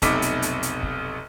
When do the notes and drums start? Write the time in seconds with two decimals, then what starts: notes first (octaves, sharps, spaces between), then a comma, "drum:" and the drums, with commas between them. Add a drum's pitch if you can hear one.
0.02 F1 B1 C3 D#4 D6 B6, drum: kick, hi-hat
0.22 drum: hi-hat
0.42 drum: hi-hat
0.63 drum: hi-hat
0.83 drum: kick